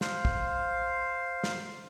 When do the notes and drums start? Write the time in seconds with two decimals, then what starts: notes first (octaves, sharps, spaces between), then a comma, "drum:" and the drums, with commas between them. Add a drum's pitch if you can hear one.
0.01 C5 F5, drum: snare
0.25 drum: kick
1.44 drum: snare